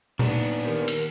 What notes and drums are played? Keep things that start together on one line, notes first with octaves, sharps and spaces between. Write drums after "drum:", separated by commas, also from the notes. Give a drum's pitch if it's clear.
A#3 B3 D4 D#4, drum: tom A#2
D#3 G4 A#4
drum: cymbal